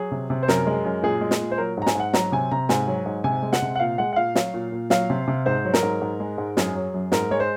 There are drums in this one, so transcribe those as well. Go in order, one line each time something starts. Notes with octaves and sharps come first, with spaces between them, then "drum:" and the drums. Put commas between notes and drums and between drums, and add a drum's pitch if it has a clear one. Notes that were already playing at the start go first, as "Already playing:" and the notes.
Already playing: F#3 G#4
C3
C3
C5
F#2 A#4, drum: snare
G#3
F#2
A#2 G#4
G#3
drum: snare
A#2
C5
F#3 A#4
G#2 A#5
G#5, drum: snare
G#2 F#5
F#3 A#5, drum: snare
C3 G#5
C3 A#5
G#2 G#5, drum: snare
F#3
G#2
C3 G#5
G#3
F#5, drum: snare
C3
F#5
A#2 F5
G#3 F#5
F#5
A#2 F5
F#3 F5, drum: snare
A#2
A#2
F#3 F5, drum: snare
C3
C3
G#2 C5
F#3
A#4, drum: snare
G#2
G#2
G#3
G#2
F#2 G#4, drum: snare
F#3
F#2
G#2 A#4, drum: snare
G#3 C#5
C5